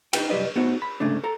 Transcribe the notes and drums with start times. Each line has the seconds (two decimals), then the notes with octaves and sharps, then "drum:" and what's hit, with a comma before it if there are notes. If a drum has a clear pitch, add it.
0.13 D#4 B4 G5, drum: cymbal
0.30 C2 F#2 G3 B4 D#5
0.55 A2 B3 C4 D#4 F#4
0.82 B5
1.00 C2 G#2 C#3 A3 D4
1.24 A4 A#5